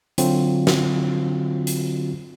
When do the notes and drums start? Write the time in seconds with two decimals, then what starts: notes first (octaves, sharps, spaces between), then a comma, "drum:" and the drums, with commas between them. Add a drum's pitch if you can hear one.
0.18 D3 F#3 C4 F4 F#4, drum: hi-hat
0.67 drum: snare
1.67 drum: hi-hat